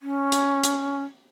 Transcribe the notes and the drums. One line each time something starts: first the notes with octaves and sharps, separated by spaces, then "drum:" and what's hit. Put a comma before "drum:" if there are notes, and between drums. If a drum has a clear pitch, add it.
C#4
drum: hi-hat
drum: hi-hat